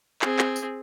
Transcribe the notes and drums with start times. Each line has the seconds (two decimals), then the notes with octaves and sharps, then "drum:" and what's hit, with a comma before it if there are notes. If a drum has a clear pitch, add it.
0.22 C4 G#4, drum: clap
0.39 drum: clap
0.56 drum: tambourine